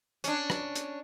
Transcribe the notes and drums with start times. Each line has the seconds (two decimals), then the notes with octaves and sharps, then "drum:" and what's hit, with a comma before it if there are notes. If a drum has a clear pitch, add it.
0.24 C#4 D4, drum: hi-hat
0.50 drum: rim click
0.76 drum: hi-hat